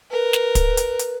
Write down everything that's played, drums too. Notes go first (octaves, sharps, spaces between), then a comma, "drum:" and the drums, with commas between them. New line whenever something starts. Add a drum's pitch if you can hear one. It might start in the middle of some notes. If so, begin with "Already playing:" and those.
A#4 B4
drum: snare
drum: kick, hi-hat
drum: hi-hat
drum: hi-hat